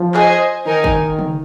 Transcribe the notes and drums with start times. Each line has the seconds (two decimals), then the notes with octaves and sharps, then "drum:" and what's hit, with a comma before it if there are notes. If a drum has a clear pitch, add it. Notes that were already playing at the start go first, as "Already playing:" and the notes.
Already playing: F3
0.14 G#4 C5 D#5 G#5, drum: clap
0.66 D#3 D#4 A#4 G#5
0.84 drum: kick
1.19 drum: tom C#3